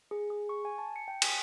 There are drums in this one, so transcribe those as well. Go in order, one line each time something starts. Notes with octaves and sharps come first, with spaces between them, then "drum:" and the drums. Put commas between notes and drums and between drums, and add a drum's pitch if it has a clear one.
G#4
G#4
C#6
G#5
A5
C#7
G5
G#5, drum: cymbal